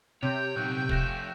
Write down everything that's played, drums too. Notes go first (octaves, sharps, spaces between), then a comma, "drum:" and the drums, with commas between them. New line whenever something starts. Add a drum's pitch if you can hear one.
C3 C#5 G5 G6
A#2 F#3 D#4 C#6 E6 F#6
F3 A3 F#6 A#6 E7, drum: kick